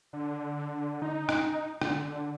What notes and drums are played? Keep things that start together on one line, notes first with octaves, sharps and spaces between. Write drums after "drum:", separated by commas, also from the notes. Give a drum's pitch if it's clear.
D3
D#4
drum: rim click
D3, drum: rim click